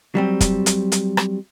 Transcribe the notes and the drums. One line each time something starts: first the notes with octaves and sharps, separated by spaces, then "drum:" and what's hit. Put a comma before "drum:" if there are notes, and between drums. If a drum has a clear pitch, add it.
F#3 G3 C4
drum: kick, hi-hat
drum: hi-hat
drum: hi-hat
drum: rim click